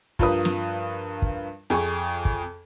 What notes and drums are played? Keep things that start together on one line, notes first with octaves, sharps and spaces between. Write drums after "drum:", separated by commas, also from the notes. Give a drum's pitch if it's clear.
G2 F3 F4 A#4 B4 D#6, drum: kick
drum: snare
drum: kick
F2 G#4 C#6
drum: kick